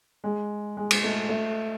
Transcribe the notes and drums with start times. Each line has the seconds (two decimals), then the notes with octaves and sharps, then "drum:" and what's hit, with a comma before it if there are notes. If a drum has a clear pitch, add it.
0.24 G#3
0.77 G#3
0.91 G#3, drum: cymbal
1.04 A3
1.29 A3